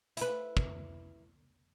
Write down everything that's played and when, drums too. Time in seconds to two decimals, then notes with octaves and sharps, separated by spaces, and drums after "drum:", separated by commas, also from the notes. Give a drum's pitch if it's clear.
0.17 E4 B4, drum: hi-hat
0.57 drum: kick